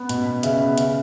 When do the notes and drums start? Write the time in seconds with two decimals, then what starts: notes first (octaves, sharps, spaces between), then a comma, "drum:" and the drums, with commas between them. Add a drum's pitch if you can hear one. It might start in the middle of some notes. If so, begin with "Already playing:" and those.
Already playing: B3
0.09 B2, drum: hi-hat
0.26 B3
0.43 C#3 E5, drum: hi-hat
0.55 E5
0.61 B3
0.78 C#3 E5, drum: hi-hat